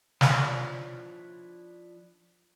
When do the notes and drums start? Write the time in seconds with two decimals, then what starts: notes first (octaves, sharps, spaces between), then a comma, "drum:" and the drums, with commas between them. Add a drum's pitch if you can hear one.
0.21 F3 D4 E4 C#5, drum: snare